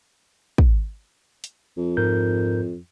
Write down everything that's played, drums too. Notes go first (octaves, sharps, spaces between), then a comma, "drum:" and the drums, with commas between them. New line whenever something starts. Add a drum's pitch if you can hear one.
drum: kick
drum: hi-hat
F2
G#2 A#4 G6